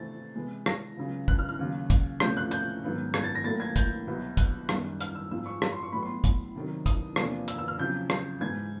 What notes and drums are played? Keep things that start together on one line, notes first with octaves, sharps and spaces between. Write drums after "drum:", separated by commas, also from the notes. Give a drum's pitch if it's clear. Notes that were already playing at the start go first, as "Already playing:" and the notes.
Already playing: C3 E3 A3 C4 A6
C3 E3 G#3
A#6, drum: rim click
C#2 C#3 F#3
F#6, drum: kick
F6
F6
D#2 C#3 F#3
drum: kick, hi-hat
D2 C3 F3 A3 C#4 G6, drum: rim click
F#6
G6, drum: hi-hat
G#2 D#3 F#3 B3
G#6, drum: rim click
A6
A#6
A2 F#3 A#3 A6
G#6
G6, drum: kick, hi-hat
C2 B2 F#3
F#6, drum: kick, hi-hat
F#2 D#3 G3, drum: rim click
F6, drum: hi-hat
E6
G#2 F3 G#3 E6
C#6
drum: rim click
C6
C#6
A2 F#3 B3 B5
C6
drum: kick, hi-hat
C3 D#3 F#3
D#6, drum: kick, hi-hat
E2 C3 F3 A#3 D4, drum: rim click
E6, drum: hi-hat
E6
F6
F2 C#3 F#3 G6
drum: rim click
G#2 E3 G#3 G#6